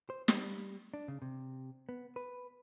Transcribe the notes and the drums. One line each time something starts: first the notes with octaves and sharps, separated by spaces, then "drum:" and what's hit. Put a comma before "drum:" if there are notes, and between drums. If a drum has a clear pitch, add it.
C5
G3, drum: snare
D4
C#3
C3
B3
B4